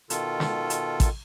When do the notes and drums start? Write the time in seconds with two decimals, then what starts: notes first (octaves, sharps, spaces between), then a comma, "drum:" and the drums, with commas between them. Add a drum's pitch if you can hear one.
0.10 B2 D#3 F4 A4, drum: hi-hat
0.40 drum: snare
0.70 drum: hi-hat
1.00 drum: kick A1, hi-hat